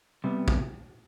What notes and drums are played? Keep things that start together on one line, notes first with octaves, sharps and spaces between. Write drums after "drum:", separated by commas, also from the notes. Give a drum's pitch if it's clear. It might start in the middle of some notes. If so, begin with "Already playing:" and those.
C3 G3 B3
drum: kick